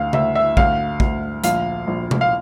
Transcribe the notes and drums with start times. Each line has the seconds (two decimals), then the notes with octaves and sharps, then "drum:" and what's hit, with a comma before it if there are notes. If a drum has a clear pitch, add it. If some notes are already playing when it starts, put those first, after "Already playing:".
Already playing: D2 F5
0.13 D2 E5, drum: tom C#3
0.35 E5
0.57 D2 F5, drum: kick
1.00 D2, drum: kick
1.44 A#1 F5, drum: hi-hat
1.87 A#1
2.11 drum: tom C3
2.21 F5